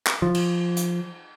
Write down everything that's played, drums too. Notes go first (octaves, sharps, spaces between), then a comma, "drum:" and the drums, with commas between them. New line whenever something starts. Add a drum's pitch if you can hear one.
drum: clap
F3
drum: cymbal
drum: hi-hat